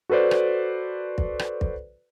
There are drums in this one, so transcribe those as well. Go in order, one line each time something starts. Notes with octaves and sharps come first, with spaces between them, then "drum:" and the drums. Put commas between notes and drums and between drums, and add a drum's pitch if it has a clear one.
F#4 A4 B4 C5 D5
drum: rim click
drum: kick
drum: rim click
drum: kick